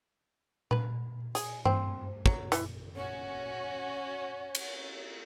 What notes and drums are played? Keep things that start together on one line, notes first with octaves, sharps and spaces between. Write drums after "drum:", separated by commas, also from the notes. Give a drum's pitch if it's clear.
B4, drum: tom A#2
G#4, drum: hi-hat
C4, drum: tom G2
F#3, drum: kick
E3, drum: hi-hat
C#4 F#4 C#5
drum: cymbal